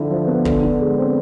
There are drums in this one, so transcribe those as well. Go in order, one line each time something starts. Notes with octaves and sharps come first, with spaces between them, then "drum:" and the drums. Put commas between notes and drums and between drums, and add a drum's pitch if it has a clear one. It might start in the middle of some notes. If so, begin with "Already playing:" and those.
Already playing: D3 F3 E4
F3
B3
D3, drum: kick
D3
G#3
C4